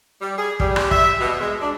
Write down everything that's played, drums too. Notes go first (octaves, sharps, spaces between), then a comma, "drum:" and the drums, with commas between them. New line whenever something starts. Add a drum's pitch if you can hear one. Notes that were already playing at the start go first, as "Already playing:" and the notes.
G3
G#4
G3, drum: kick
drum: rim click
E5, drum: kick
B2
G#3
D4